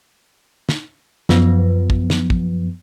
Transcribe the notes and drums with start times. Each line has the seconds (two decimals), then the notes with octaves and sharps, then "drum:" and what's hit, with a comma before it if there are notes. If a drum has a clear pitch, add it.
0.69 drum: snare
1.29 F#2 F3 B3, drum: snare
1.90 drum: kick
2.10 drum: snare
2.30 drum: kick